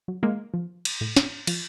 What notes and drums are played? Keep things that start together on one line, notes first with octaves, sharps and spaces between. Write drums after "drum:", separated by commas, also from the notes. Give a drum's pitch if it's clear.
F#3
G#3 A#3
F3
drum: cymbal
A2
drum: snare
F3, drum: cymbal